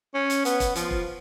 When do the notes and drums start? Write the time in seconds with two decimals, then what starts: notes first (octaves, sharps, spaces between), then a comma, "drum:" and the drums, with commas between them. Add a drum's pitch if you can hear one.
0.14 C#4
0.30 drum: hi-hat
0.45 B3, drum: hi-hat
0.60 drum: kick E1, hi-hat
0.76 F3, drum: hi-hat
0.91 drum: kick E1